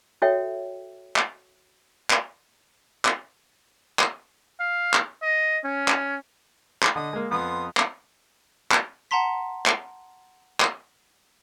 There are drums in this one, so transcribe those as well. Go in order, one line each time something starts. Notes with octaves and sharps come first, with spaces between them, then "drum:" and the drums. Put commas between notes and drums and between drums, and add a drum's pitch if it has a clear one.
F#4 A4 C#5 E5 G5
drum: clap
drum: clap
drum: clap
drum: clap
F5
drum: clap
D#5
C#4
drum: clap
drum: clap
D3 D#5 D#6
G#3 A#3
F2 B3 C6 D#6
drum: clap
drum: clap
F#5 A5 A#5 C6 B6
drum: clap
drum: clap